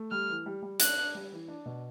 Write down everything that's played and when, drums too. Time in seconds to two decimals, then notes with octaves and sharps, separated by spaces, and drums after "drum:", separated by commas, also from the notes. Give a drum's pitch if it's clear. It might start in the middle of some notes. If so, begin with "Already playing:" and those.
Already playing: A3
0.11 G3 F6
0.29 E3
0.46 G3
0.62 G3
0.80 D4 F#6, drum: hi-hat
0.97 D4
1.15 G3
1.32 E3
1.48 D4
1.66 B2